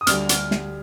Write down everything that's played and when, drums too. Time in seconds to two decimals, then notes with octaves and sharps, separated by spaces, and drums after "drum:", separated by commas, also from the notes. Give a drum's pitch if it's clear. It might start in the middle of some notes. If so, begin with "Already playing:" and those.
0.01 D#6
0.07 D2 D3 G3 D4 G4 F6, drum: hi-hat
0.29 drum: hi-hat
0.51 drum: snare